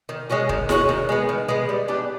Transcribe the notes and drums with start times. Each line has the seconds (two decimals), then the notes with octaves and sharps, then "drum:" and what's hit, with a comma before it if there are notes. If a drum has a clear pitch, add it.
0.09 D#3
0.30 G#3 C#4 F#4
0.49 D#3, drum: kick
0.69 G#3 C#4 F#4, drum: snare
0.89 D#3
1.09 G#3 B3
1.29 D#3
1.49 G#3 B3
1.69 G3
1.88 B3 D4 G4